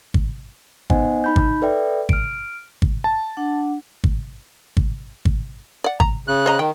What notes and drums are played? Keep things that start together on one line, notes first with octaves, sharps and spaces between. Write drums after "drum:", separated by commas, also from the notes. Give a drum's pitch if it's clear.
drum: kick
B3 D#4 C5 D#5 F#5 G#5, drum: kick
D#4 B5 G6
drum: kick
A4 B4 D5 E5 G5
F6 D7, drum: kick
drum: kick
A5
D4 F#5
drum: kick
drum: kick
drum: kick
D5 F#5
A#5, drum: kick
C#3 F#6
C5 D#5 A#5
D#3 G5